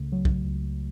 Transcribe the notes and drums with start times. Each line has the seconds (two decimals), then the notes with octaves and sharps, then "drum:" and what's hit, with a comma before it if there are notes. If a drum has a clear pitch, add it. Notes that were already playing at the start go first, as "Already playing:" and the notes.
Already playing: C#2 C#3 A3
0.12 F#3
0.25 drum: kick B1
0.45 C#2